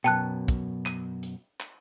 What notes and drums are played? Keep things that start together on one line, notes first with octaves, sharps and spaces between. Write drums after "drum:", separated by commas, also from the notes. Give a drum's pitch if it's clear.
F#2 B2 G5 A5 F#6
drum: kick, hi-hat
D#7, drum: clap
drum: hi-hat
drum: clap